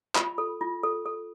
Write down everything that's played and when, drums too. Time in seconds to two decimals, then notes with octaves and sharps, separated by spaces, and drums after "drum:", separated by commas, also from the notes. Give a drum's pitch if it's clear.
0.15 F4 B5, drum: clap
0.38 A4
0.61 F4
0.83 A4
1.06 A4